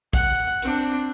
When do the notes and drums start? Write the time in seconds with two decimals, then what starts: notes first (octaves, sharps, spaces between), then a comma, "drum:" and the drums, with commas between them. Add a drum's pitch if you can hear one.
0.13 F#5, drum: kick
0.62 C4 D4, drum: hi-hat